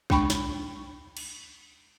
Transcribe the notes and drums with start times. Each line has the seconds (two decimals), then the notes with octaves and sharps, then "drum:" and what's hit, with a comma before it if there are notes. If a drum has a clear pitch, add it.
0.10 G#3 D4 G5 B5 C#6, drum: kick
0.30 drum: snare
1.17 drum: cymbal